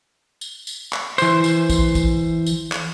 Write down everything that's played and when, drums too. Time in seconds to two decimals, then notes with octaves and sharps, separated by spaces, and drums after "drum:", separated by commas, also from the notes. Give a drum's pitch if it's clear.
0.41 drum: tambourine
0.67 drum: tambourine
0.93 drum: clap
1.18 E3 C5, drum: tambourine
1.44 drum: tambourine
1.70 drum: kick, tambourine
1.95 drum: kick, tambourine
2.46 drum: tambourine
2.72 drum: clap